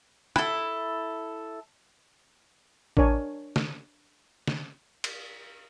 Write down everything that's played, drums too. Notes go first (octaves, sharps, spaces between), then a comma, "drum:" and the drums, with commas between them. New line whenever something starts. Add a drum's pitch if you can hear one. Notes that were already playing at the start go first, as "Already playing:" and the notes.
E4 A4, drum: rim click
D4 A#4 C#5 G#5, drum: kick A1
drum: snare
drum: snare
drum: cymbal